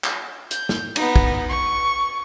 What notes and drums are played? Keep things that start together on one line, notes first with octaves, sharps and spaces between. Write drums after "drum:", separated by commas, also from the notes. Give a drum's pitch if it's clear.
drum: clap
G6, drum: hi-hat
drum: snare
B3 D#4, drum: cymbal
drum: kick
C#6